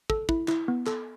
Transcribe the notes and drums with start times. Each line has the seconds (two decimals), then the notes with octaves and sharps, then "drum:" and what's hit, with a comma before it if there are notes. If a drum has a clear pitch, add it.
0.10 A4, drum: kick
0.29 E4, drum: kick
0.48 E4, drum: clap
0.68 B3
0.87 A4, drum: clap